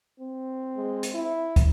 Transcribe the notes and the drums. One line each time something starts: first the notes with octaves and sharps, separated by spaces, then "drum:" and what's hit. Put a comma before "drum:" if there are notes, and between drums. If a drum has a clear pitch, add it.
C4
G#3
drum: hi-hat
E4
drum: kick, hi-hat